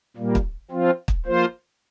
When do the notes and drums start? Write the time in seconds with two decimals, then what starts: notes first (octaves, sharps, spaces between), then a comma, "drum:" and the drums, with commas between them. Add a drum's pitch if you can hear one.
0.17 A#2 G3 A#3
0.35 drum: kick
0.71 F3 C4 F4
1.08 drum: kick
1.26 F3 A#3 F4 C5